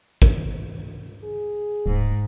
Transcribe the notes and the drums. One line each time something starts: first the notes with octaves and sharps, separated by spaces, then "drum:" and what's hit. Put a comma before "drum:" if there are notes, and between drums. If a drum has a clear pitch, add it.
drum: kick A1
G#4
D1 G#2